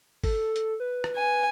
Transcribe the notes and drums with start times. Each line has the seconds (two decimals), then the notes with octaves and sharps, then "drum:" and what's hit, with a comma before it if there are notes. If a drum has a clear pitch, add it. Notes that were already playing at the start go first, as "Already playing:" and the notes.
0.24 A4, drum: kick, open hi-hat
0.56 drum: hi-hat
0.80 B4
1.04 drum: rim click
1.16 G#5